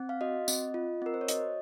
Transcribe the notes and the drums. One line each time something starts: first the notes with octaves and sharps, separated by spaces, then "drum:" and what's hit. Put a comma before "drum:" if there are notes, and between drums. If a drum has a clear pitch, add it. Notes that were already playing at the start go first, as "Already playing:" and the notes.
Already playing: C4
F5
F#4 D#5
C4, drum: tambourine
F4
C4 A#4
C5
C#5
F#4 D#5, drum: hi-hat